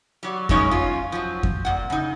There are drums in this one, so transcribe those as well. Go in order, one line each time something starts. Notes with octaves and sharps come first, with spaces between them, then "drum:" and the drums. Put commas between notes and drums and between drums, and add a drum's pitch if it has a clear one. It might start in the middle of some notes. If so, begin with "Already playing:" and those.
F#3 G3
F#2 B2 G#3 C#4 D#4 C#5, drum: kick F2
C#4 F4
F3 F#3
drum: kick F2
A#2 F#5
C#3 D#4